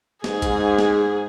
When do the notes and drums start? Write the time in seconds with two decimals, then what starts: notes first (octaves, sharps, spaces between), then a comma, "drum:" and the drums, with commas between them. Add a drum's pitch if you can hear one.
0.24 G#2 G#4, drum: snare
0.42 drum: kick A1, hi-hat
0.78 drum: snare